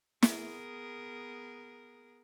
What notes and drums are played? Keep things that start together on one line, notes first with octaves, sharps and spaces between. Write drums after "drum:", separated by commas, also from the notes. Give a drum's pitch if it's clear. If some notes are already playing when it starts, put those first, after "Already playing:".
B3 G#4 A#4, drum: snare